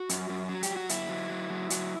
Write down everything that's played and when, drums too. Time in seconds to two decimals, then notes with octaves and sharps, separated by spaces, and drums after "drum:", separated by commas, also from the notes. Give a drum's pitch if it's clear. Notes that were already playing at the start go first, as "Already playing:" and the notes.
Already playing: F#4
0.09 F#2, drum: hi-hat
0.29 F#2
0.49 F#3
0.63 G4, drum: hi-hat
0.70 F#3
0.76 F#4
0.89 F#2 E4, drum: hi-hat
1.09 F#3
1.30 F#3
1.50 F#3
1.70 F#3, drum: hi-hat